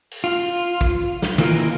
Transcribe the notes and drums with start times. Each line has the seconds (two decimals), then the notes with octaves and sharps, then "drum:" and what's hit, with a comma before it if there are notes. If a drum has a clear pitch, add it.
0.11 drum: open hi-hat
0.24 F4
0.81 drum: kick
1.22 drum: snare
1.38 D#3 E3 A#3 F4, drum: cymbal